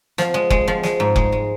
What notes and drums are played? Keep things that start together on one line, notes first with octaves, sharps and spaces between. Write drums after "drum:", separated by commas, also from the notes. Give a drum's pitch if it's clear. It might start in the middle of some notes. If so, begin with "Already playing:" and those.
F3, drum: snare
G#3
G#3, drum: kick F1
F3
G#3, drum: snare
G#2
G#3, drum: kick F1
G#3